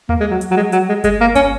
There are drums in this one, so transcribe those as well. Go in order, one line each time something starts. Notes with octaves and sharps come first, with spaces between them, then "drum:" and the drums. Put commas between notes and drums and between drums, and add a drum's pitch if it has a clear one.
A#3, drum: tom D#2
G#3
F#3
drum: hi-hat
F#3
G#3
F#3, drum: hi-hat
G#3
G#3, drum: kick G1, hi-hat
A#3
C#4, drum: kick G1, hi-hat